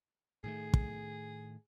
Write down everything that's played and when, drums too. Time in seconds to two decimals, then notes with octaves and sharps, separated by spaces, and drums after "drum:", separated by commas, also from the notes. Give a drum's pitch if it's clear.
0.44 A2 D#3 A3 G#4
0.74 drum: kick